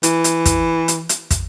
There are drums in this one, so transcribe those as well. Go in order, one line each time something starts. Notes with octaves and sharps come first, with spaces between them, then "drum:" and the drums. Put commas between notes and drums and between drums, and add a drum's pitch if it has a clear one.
E3, drum: hi-hat
drum: hi-hat
drum: kick, hi-hat
drum: hi-hat
drum: hi-hat
drum: kick, hi-hat